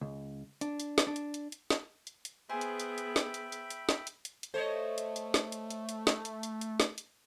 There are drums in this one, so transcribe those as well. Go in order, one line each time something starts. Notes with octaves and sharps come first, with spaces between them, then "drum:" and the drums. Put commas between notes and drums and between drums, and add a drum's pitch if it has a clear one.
C#2
D4, drum: hi-hat
drum: hi-hat
drum: snare
D4
drum: hi-hat
drum: hi-hat
drum: hi-hat
drum: snare
drum: hi-hat
drum: hi-hat
B3 G#4 C5 E5 G5 G#5 B5
drum: hi-hat
drum: hi-hat
drum: hi-hat
drum: snare
drum: hi-hat
drum: hi-hat
drum: hi-hat
drum: snare
drum: hi-hat
drum: hi-hat
drum: hi-hat
A3 C5 C#5 D#5
drum: hi-hat
drum: hi-hat
drum: snare
drum: hi-hat
drum: hi-hat
drum: hi-hat
drum: snare
drum: hi-hat
drum: hi-hat
drum: hi-hat
drum: snare
drum: hi-hat